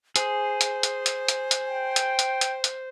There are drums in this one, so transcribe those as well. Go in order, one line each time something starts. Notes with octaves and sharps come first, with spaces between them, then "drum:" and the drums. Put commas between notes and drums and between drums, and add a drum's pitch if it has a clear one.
G#4 C5, drum: hi-hat
drum: hi-hat
drum: hi-hat
drum: hi-hat
drum: hi-hat
drum: hi-hat
G5
drum: hi-hat
drum: hi-hat
drum: hi-hat
drum: hi-hat